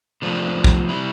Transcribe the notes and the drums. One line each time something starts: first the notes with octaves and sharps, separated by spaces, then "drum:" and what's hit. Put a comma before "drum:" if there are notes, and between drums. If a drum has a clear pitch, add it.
E2 C3 F3 A3 C4 D4
drum: kick
C3 G3 E4